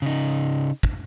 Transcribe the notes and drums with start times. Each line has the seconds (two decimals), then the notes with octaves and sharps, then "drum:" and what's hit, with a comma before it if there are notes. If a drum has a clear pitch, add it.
0.02 C#3 D#4
0.83 drum: kick